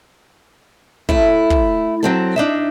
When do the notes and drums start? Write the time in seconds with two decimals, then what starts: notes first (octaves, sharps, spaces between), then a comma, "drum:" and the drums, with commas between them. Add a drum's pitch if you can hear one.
1.09 A3 E4, drum: kick
1.50 drum: kick
2.03 F#3 C4 A4
2.36 D4 D#4 E5